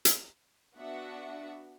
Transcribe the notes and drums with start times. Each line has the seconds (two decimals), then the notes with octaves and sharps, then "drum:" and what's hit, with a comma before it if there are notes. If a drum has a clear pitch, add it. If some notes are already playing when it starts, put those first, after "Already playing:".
0.05 drum: hi-hat
0.76 B3 D4 F#4 E5 F#5